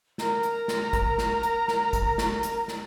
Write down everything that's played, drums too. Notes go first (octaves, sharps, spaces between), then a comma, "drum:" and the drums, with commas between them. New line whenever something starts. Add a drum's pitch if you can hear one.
A#4 A#5, drum: snare
drum: hi-hat
drum: snare
drum: kick, hi-hat
drum: snare
drum: hi-hat
drum: snare
drum: kick, hi-hat
drum: snare
drum: hi-hat
drum: snare